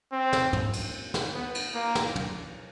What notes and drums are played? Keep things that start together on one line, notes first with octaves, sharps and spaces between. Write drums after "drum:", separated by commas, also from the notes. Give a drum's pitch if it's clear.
C4
drum: snare
drum: tom
drum: cymbal
drum: snare
B3
drum: cymbal
A#3
drum: snare
drum: tom